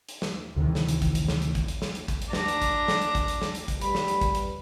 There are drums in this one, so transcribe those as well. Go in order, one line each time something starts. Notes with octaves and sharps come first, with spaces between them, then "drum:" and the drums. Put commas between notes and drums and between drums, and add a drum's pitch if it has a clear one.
drum: hi-hat
drum: snare
D2 C3 D#3 E3
drum: snare
drum: hi-hat
drum: kick A1, hi-hat
drum: hi-hat
drum: snare
drum: hi-hat
drum: kick A1, hi-hat
drum: hi-hat
drum: snare
drum: hi-hat
drum: kick A1, hi-hat
drum: hi-hat
D4 A#5, drum: snare
drum: hi-hat
drum: kick A1, hi-hat
drum: snare
drum: hi-hat
drum: kick A1, hi-hat
drum: hi-hat
drum: snare
drum: hi-hat
drum: kick A1, hi-hat
G3 B4 B5, drum: hi-hat
drum: snare
drum: hi-hat
drum: kick A1, hi-hat
drum: hi-hat